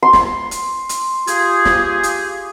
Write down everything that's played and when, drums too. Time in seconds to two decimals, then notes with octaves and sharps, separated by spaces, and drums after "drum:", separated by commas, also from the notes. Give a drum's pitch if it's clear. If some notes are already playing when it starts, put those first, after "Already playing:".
0.03 C6
0.13 drum: snare
0.51 drum: hi-hat
0.89 drum: hi-hat
1.27 F4 G4 G#4, drum: hi-hat
1.65 drum: snare
2.03 drum: hi-hat